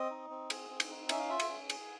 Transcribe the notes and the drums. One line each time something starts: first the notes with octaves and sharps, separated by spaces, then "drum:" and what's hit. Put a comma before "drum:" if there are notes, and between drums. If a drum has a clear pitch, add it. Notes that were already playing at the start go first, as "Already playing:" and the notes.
Already playing: C4 D#5
D#4
C4
G#4, drum: cymbal
C4
drum: cymbal
D#4
C#4 E5, drum: cymbal
F5
F4 E5
drum: cymbal
C#4
G#4, drum: cymbal